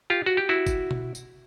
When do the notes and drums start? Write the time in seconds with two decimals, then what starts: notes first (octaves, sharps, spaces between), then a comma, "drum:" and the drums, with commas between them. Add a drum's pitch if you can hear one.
0.10 F4 G4
0.26 F#4
0.37 G4
0.49 E4 F#4
0.66 drum: kick G1, tambourine
0.91 drum: tom B2
1.15 drum: tambourine